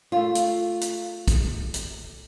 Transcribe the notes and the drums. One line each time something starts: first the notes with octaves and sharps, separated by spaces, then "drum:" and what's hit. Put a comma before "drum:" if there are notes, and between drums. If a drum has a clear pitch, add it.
A3 F4
drum: hi-hat
drum: hi-hat
drum: kick, hi-hat
drum: hi-hat